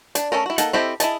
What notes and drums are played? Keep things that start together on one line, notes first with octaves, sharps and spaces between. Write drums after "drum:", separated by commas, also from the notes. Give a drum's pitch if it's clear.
D4, drum: hi-hat
A3 C#4 A4 A#4
E4 F#4
A#3 D#4 A4 F#5 A5, drum: hi-hat
C4 E4 G4 A4 D#5
E4 G#4 D#5 A5, drum: hi-hat